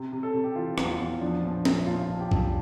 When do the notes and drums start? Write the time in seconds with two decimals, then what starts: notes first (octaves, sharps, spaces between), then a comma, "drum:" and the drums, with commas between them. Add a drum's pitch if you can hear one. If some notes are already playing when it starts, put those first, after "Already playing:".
Already playing: C3
0.12 C3
0.23 A4
0.34 C3
0.44 G4
0.56 E3 F4
0.78 E2, drum: rim click
0.88 F4
1.00 E2
1.21 F3 D4
1.44 A#1
1.65 A#1, drum: snare
1.87 A#1 F4
2.09 A#1
2.20 G4
2.31 A#1, drum: kick